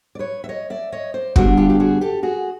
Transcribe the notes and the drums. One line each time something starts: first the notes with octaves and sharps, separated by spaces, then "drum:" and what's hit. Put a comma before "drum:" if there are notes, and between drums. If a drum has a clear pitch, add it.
D5
B4 C#5
E5
C#5 D#5
D5 E5
C#5 D#5
C5 D5
G2 D3 G3 B3 D4 F#4 G#4, drum: kick
F4 G4
G4
F#4 G#4
G4 A4
F#4 G#4